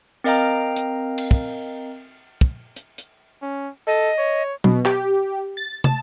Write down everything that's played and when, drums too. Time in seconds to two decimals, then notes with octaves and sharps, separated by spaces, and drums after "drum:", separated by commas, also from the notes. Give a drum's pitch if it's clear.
0.24 C4 A#4 D#5 F5 G5 A#5
0.76 drum: hi-hat
1.18 drum: cymbal
1.31 drum: kick
2.41 drum: kick
2.76 drum: hi-hat
2.98 drum: hi-hat
3.42 C#4
3.87 A4 D#5
4.19 C#5
4.64 B2, drum: tom F#3
4.85 G4, drum: clap
5.57 A6
5.84 A5, drum: tom